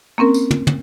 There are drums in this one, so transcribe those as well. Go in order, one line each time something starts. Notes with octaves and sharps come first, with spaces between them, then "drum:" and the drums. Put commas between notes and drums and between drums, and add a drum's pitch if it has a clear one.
A#3 C4 C#4 A#4
drum: tambourine
drum: tom
drum: tom